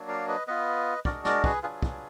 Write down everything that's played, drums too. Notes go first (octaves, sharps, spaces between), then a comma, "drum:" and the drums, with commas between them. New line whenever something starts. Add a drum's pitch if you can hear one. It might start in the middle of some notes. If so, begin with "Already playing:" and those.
Already playing: F#3 A#3 D4
D5 F5
B4 D#5
B3 F4 B4 D#5
G#3 D4 F#4 A#4 D5, drum: kick
A#4 D5, drum: snare
G#4 B4, drum: kick
F#3 D4 F4 G#4 B4
drum: kick